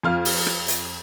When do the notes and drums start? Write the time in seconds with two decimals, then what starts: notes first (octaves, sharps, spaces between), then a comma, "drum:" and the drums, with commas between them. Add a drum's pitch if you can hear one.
0.03 F2 F4 F6
0.25 drum: open hi-hat
0.47 drum: rim click
0.68 drum: hi-hat